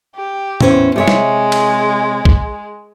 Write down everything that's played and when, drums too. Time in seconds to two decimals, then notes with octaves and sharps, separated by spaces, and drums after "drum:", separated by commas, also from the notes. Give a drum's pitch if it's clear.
0.16 G4
0.61 E2 C#4 C5, drum: tom
0.96 C3 G#3 C#5 E5
1.08 drum: snare
1.52 drum: cymbal
2.25 drum: kick